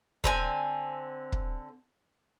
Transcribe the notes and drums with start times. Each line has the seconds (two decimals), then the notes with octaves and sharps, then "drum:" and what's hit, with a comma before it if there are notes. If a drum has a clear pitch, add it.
0.24 D3 C4 G#5, drum: kick
1.32 drum: kick